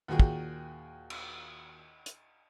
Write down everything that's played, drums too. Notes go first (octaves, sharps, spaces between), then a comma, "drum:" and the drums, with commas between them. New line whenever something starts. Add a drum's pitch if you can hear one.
D#2 A#2 F#4 G#4 G5
drum: kick
drum: cymbal
drum: hi-hat